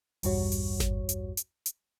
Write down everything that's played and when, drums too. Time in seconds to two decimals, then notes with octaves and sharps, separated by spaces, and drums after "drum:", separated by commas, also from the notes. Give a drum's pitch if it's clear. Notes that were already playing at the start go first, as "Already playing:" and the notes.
0.23 A#1 E2 G2 G3 F#4 C#5, drum: open hi-hat
0.52 drum: open hi-hat
0.80 drum: snare G#1
1.09 drum: hi-hat
1.37 drum: hi-hat
1.66 drum: hi-hat